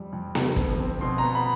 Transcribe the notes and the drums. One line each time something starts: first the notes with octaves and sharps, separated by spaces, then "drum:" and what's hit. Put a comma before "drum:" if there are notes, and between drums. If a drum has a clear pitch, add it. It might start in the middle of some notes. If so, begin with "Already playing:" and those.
Already playing: F2 G3
F2
D3, drum: snare B3
F2, drum: kick
C4
B2 C6
B3 A#5
B5